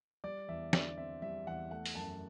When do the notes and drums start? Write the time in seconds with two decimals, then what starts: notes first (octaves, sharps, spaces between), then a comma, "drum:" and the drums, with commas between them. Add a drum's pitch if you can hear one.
0.24 G3 D5
0.48 E2 E5
0.73 D3 D5, drum: snare
0.97 C4 E5
1.22 G3 E5
1.47 E2 F#5
1.71 A3 F#5
1.85 drum: open hi-hat
1.95 F#2 A5